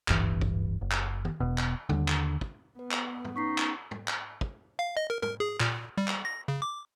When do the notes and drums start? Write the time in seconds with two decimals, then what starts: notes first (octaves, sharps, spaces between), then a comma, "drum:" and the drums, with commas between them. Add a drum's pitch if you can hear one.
0.08 D1 G#1 G2 E3, drum: clap
0.41 drum: kick
0.81 F#1
0.91 drum: clap
1.25 drum: tom D#3
1.40 E1 B2
1.58 drum: clap
1.89 D#2 D3, drum: tom
2.08 drum: clap
2.41 drum: kick
2.79 B3 B4
2.91 drum: clap
3.25 drum: tom
3.36 C#4 D#4 C#6 B6 C7
3.58 drum: clap
3.91 drum: tom
4.08 drum: clap
4.41 drum: kick
4.79 F5
4.97 D#5
5.10 A#4
5.23 A#4, drum: tom
5.40 G#4
5.60 A#2, drum: clap
5.98 G3
6.08 drum: clap
6.25 A#6
6.48 C#3
6.62 D6